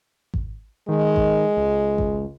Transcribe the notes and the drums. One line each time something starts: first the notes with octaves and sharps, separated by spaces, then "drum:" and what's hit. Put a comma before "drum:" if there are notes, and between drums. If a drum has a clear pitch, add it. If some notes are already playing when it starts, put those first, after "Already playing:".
drum: kick G#1
D#3 G#3
drum: kick G#1
C#2
drum: kick G#1